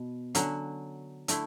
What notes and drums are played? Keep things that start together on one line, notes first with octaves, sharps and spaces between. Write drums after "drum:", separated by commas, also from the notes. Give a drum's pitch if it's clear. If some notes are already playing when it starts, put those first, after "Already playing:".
Already playing: B2 B3
D3 F#3 C#4, drum: hi-hat
D3 A3 E4, drum: hi-hat